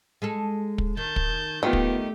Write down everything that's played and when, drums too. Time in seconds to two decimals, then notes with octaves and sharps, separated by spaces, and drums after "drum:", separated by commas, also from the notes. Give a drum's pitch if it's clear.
0.22 G#3 G#4 A4
0.78 drum: kick
0.97 D#3 A5 G6
1.16 drum: kick
1.63 D#3 A3 B3 F4 G4 G5
1.73 drum: kick